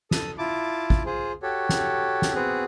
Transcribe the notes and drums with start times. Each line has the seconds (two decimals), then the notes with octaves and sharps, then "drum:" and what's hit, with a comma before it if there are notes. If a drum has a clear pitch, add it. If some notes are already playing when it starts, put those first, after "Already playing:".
0.11 A4 D#6, drum: snare
0.38 E4 F4 A5 D6
0.90 drum: kick
1.06 F4 G#4 C5
1.43 F#4 G4 A4 C#5
1.69 drum: snare
2.22 drum: snare
2.35 B3 C4 F#4 G#4